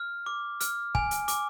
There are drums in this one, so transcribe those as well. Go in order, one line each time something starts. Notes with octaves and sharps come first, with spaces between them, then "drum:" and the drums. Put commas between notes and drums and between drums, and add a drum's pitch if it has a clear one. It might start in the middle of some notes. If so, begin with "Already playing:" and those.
Already playing: F6
D6
F6, drum: hi-hat
G#5, drum: kick
drum: hi-hat
D6, drum: hi-hat